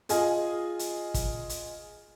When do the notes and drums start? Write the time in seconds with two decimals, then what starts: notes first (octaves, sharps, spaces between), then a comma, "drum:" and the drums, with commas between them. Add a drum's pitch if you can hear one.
0.09 F4 G#4 D#5 G#5, drum: hi-hat
0.79 drum: hi-hat
1.14 drum: kick, hi-hat
1.49 drum: hi-hat